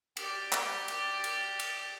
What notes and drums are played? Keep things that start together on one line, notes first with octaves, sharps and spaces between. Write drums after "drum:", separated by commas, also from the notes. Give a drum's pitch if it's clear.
G4 D5, drum: cymbal
drum: clap
drum: cymbal
drum: cymbal
drum: cymbal